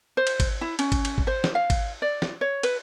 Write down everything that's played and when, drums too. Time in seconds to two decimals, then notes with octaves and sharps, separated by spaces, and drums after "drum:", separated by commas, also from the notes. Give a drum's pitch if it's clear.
0.17 C5
0.27 drum: cymbal
0.40 drum: kick G#1, cymbal
0.61 E4
0.79 C#4, drum: cymbal
0.92 drum: kick G#1, cymbal
1.05 drum: cymbal
1.18 drum: kick G#1
1.27 C5
1.44 drum: snare
1.55 F5
1.70 drum: kick G#1, cymbal
2.02 D5
2.22 drum: snare
2.41 C#5
2.63 B4, drum: cymbal